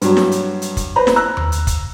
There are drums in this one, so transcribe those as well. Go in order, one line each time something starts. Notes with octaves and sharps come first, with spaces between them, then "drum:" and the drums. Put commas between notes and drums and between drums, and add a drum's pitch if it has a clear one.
G2 F#3, drum: hi-hat
drum: snare
drum: hi-hat
drum: hi-hat
drum: kick, hi-hat
B4 C5 A#5 B5
drum: snare
A#5 E6 F#6
drum: tom D#2
drum: hi-hat
drum: kick, hi-hat